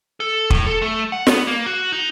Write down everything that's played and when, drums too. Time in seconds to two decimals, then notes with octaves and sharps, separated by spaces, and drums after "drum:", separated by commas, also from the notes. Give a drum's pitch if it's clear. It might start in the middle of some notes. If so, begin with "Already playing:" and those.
0.20 A4
0.50 A2, drum: kick
0.66 A4
0.82 A3
1.12 F#5
1.27 B3, drum: snare
1.47 A#3
1.66 F#4
1.92 D#4